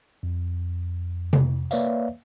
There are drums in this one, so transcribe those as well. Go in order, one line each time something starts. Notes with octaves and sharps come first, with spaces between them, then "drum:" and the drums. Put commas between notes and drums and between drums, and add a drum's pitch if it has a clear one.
F2
drum: tom C3
A#3 B4 C#5 D5 E5 F5, drum: tambourine